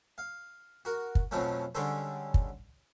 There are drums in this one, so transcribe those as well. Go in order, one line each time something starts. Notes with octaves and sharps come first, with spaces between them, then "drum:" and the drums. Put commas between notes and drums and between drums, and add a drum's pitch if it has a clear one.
F5
F#4 A#4
drum: kick
F2 B2 F3 F#3 A3 C#4
D3 G3 G#3 C#4 A4 C5
drum: kick